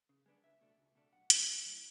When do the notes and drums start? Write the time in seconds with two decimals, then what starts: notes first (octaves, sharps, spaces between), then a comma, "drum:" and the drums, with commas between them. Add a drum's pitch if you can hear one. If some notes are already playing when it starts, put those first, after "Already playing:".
0.09 C#3
0.26 G#3 B3 D4
0.44 C#2 E5
0.61 B2 A3 D4
0.78 C#2
0.95 B2 A3 D4
1.12 B1 F#5
1.30 A2 F#3 A3 E4, drum: hi-hat
1.47 B1
1.65 A2 F#3 A3 E4